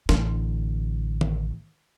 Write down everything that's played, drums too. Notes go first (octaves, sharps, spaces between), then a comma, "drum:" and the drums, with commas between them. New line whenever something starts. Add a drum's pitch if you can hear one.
A1 D3, drum: snare
drum: tom D#3